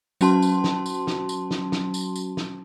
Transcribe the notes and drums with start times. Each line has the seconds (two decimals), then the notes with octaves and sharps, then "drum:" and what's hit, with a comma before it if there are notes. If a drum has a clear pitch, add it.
0.21 F#3 C#4 F#4 A5 C6, drum: tambourine
0.42 drum: tambourine
0.64 drum: snare
0.86 drum: tambourine
1.07 drum: snare
1.29 drum: tambourine
1.51 drum: snare
1.72 drum: snare
1.94 drum: tambourine
2.16 drum: tambourine
2.37 drum: snare